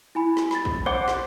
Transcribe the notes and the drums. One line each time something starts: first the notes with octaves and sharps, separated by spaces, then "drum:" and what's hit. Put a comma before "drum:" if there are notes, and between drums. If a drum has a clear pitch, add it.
E4 G#5 B5
drum: snare
B5 A6, drum: snare
drum: kick
C5 F#5 D6 G7
drum: snare